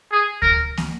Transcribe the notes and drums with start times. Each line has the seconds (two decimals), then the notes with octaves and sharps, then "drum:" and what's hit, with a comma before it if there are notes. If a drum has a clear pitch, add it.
0.12 G#4
0.42 A#4, drum: kick D2
0.77 drum: snare